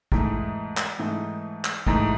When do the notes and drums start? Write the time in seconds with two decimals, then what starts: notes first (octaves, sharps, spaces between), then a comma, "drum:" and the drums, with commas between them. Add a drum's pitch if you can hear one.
0.12 G#2 E3 A3 D#4, drum: kick
0.77 drum: clap
0.99 G#2 E3 A3 D#4
1.64 drum: clap
1.87 G#2 E3 A3 D#4, drum: kick